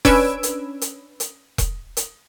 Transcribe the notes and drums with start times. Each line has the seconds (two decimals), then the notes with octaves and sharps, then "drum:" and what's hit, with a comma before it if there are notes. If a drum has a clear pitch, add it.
0.05 C#4 D4 B4 E6 G#6 D7, drum: kick E1, open hi-hat
0.43 drum: hi-hat
0.81 drum: hi-hat
1.20 drum: hi-hat
1.58 drum: kick E1, hi-hat
1.97 drum: hi-hat